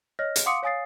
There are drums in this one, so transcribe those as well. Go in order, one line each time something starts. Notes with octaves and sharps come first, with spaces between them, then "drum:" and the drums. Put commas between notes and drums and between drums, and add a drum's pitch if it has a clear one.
C#5 D#5 F6 A#6
drum: hi-hat
F5 F#5 C6 D6 D#6 C#7
C#5 F5 G#5 D#6 A6 C7